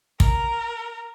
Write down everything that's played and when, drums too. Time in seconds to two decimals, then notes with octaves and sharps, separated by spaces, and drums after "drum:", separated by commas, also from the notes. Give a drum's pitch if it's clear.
0.20 A#4, drum: kick